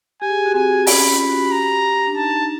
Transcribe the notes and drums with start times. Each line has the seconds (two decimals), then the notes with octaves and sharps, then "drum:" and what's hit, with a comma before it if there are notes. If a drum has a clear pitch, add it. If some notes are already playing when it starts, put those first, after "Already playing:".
0.22 G4 G#5
0.30 G#4
0.39 G4
0.46 F#4
0.54 C4 G#5
0.87 C#4 B5, drum: open hi-hat
1.09 F4
1.20 G4 B5
1.30 F#4
1.52 G4 A#5
2.07 D4
2.16 D#4 A5
2.41 D4